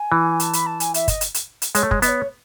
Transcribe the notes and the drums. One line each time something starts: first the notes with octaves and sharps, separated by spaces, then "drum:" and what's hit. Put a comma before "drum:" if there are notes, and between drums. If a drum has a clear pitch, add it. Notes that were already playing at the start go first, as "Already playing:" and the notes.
Already playing: G#5
E3
A5, drum: hi-hat
B5, drum: hi-hat
A5
G#5, drum: hi-hat
E5, drum: hi-hat
D#5, drum: kick F#1, hi-hat
drum: hi-hat
drum: hi-hat
drum: hi-hat
G#3 C#5, drum: hi-hat
A3
G#3, drum: kick F#1
B3 D#5, drum: hi-hat
C#5